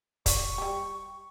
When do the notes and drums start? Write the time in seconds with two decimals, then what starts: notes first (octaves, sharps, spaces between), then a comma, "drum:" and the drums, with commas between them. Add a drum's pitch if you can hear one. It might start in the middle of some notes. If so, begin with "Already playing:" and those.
0.26 D5 C#6, drum: kick, hi-hat
0.58 G3 G4